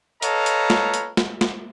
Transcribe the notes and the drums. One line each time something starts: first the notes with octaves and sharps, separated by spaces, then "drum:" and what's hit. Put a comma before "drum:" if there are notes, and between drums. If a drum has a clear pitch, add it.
A4 B4 C#5 D#5 F5 A#5, drum: hi-hat
drum: hi-hat
drum: snare
drum: hi-hat
drum: snare
drum: snare